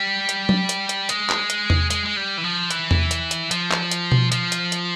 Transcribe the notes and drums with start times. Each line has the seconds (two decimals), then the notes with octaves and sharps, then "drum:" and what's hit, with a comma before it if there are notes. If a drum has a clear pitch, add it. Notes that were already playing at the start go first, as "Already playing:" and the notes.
Already playing: G3
0.29 drum: hi-hat
0.49 drum: tom F#3
0.69 drum: hi-hat
0.89 drum: hi-hat
1.09 G#3, drum: hi-hat
1.30 drum: clap
1.50 drum: hi-hat
1.70 drum: tom E2
1.90 G#3, drum: hi-hat
2.06 G#3
2.17 G3
2.38 E3
2.44 F3
2.71 E3, drum: hi-hat
2.91 drum: tom E2
3.11 drum: hi-hat
3.31 drum: hi-hat
3.51 F3, drum: hi-hat
3.71 drum: clap
3.91 drum: hi-hat
4.12 drum: tom B2
4.32 F3, drum: hi-hat
4.52 drum: hi-hat
4.72 drum: hi-hat